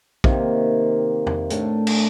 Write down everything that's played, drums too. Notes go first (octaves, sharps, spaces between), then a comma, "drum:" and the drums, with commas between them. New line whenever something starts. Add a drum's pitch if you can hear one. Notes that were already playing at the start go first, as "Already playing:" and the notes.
C3 D#3 A#3, drum: kick
drum: tom
A2 A3 D4, drum: hi-hat
drum: cymbal